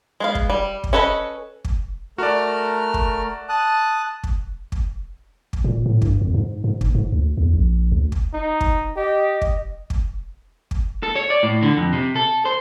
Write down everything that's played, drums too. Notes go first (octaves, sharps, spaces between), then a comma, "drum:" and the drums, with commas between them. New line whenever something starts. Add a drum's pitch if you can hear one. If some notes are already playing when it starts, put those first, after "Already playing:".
G#3 B3 F5
drum: kick
G3
drum: kick
C#4 A4 B4 C#5 D#5
drum: kick
A3 F#4 A#4 D5 F6
drum: kick
A5 D#6 F#6
drum: kick
drum: kick
drum: kick
A#2
A2
G2, drum: kick
F2
G#2
G#2
F#1, drum: kick
G#2
D2
E2
A#1
D2
drum: kick
D#4
drum: kick
G4 D#5
drum: kick
drum: kick
drum: kick
A4
C#5
D5
A2
D3
F2
C3
A4
C5